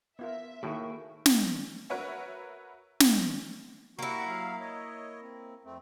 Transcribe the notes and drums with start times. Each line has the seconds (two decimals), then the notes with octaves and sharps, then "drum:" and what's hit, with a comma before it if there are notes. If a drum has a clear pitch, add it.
0.19 B3 F4 A#4 E5
0.63 A2 D#3 A#3 F#4 G#4
1.26 drum: snare
1.90 F#4 A#4 B4 C#5 E5 F#5
3.00 drum: snare
3.99 G3 A#3 E4 F#4 C#6
4.28 F#3 F5
4.60 C#5 D#5
5.21 C4
5.65 F2 A3 C4